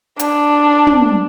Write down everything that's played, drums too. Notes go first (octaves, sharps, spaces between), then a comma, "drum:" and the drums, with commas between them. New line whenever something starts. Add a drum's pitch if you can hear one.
D4, drum: hi-hat
drum: tom